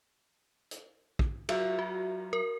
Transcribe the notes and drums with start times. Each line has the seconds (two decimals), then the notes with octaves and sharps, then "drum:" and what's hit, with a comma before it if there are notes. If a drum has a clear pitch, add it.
0.71 drum: hi-hat
1.19 drum: kick
1.49 F#3 F4 E5, drum: cymbal
1.79 F#4
2.33 A#4